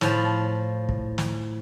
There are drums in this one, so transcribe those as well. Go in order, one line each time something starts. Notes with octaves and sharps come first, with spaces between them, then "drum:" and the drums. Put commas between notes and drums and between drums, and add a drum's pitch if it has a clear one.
A2 F3, drum: snare
drum: kick
drum: snare